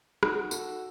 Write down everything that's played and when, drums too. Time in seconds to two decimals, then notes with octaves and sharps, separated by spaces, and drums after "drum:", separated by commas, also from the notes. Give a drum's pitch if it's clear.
0.23 D#4 F#4, drum: rim click
0.51 F#4 A4, drum: tambourine